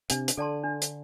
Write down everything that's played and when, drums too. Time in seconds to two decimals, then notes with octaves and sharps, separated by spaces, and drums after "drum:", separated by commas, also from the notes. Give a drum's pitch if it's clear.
0.10 C3 D4, drum: hi-hat
0.28 drum: hi-hat
0.37 D3 A4 D5 A5 C6
0.64 D4
0.82 drum: hi-hat